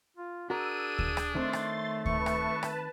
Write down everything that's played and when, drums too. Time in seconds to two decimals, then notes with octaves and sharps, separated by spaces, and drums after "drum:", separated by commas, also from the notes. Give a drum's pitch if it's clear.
0.17 F4
0.50 D4 F#4 G#4 A#4 E6 D#7
0.99 drum: kick D2
1.17 drum: rim click
1.35 D#3 A3 C4 C#5 C6 A6
1.53 drum: rim click
2.05 B4 A5 C#6, drum: kick D2
2.26 drum: rim click
2.63 drum: rim click